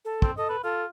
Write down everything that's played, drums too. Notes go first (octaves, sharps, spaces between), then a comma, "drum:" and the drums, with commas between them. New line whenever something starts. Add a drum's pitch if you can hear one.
A4
C4, drum: kick
A4 D#5
B4
F4 A4